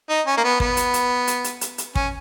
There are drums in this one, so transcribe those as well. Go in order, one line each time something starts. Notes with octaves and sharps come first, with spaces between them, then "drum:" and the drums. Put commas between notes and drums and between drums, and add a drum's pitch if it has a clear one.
D#4
C#4
A#3
B3
B3, drum: kick
drum: hi-hat
drum: hi-hat
drum: hi-hat
drum: hi-hat
drum: hi-hat
drum: hi-hat
C#4, drum: kick